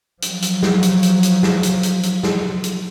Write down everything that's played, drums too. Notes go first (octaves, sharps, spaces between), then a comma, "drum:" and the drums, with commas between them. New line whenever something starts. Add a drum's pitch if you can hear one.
F3 F#3, drum: hi-hat
drum: hi-hat
drum: snare
drum: hi-hat
drum: hi-hat
drum: hi-hat
drum: snare
drum: hi-hat
drum: hi-hat
drum: hi-hat
drum: snare
drum: hi-hat